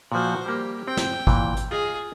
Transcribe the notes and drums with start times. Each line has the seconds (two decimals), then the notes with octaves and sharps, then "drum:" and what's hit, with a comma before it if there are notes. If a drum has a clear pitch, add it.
0.12 A#2 F3 F#4 C5
0.46 G3 A#3 G4
0.88 C4 G5
0.97 drum: snare
1.27 A#2 E3, drum: kick G#1
1.57 drum: hi-hat
1.71 F4 G#4 D#5 F5